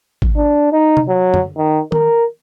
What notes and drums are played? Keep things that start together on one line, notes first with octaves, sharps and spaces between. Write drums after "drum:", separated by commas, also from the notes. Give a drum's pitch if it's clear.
drum: kick G#1
D4
D#4
drum: tom C3
F#3
drum: tom
D#3
A#4, drum: tom D#3